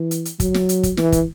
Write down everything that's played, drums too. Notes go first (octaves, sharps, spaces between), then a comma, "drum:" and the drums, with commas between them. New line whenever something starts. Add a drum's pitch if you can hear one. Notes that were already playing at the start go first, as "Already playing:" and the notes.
Already playing: E3
drum: hi-hat
drum: hi-hat
F#3, drum: kick, hi-hat
drum: snare
drum: hi-hat
drum: kick, hi-hat
E3, drum: snare
drum: kick, hi-hat